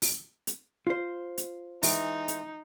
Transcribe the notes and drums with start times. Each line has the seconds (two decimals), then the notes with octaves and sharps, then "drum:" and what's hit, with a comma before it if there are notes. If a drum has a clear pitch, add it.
0.02 drum: open hi-hat
0.47 drum: hi-hat
0.87 F4 C5
1.38 drum: hi-hat
1.83 E3 G#3 D#4, drum: open hi-hat
2.28 drum: hi-hat